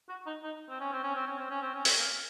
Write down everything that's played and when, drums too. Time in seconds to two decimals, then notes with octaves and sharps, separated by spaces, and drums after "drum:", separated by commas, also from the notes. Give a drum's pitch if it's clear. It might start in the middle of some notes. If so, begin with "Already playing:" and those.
0.09 F#4
0.26 D#4
0.43 D#4
0.69 C4
0.80 C#4
0.92 C4
1.04 C#4
1.16 C4
1.27 C#4
1.39 C4
1.50 C#4
1.62 C4
1.74 C#4
1.85 C4, drum: open hi-hat
1.97 A#3